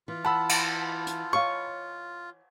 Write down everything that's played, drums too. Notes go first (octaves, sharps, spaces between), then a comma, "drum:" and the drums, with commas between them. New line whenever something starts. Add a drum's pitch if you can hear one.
E3 F4
F#5 A5 B5 E6
drum: cymbal
drum: hi-hat
C#5 D#5 F5 C#6